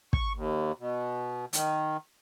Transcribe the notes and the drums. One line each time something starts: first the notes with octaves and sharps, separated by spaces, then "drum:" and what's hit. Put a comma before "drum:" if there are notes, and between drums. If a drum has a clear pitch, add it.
C#6, drum: kick
D#2
B2
D#3, drum: hi-hat